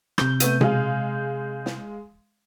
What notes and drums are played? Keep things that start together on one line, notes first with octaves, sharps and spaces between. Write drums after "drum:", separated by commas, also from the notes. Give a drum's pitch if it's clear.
C3 G6, drum: rim click
A3 B3 D#7, drum: hi-hat
G#3 F5, drum: tom B2
drum: snare